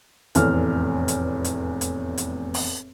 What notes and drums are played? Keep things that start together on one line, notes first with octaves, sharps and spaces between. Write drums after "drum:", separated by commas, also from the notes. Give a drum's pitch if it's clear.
F1 E2 A2 F6, drum: hi-hat
drum: hi-hat
drum: hi-hat
drum: hi-hat
drum: hi-hat
drum: open hi-hat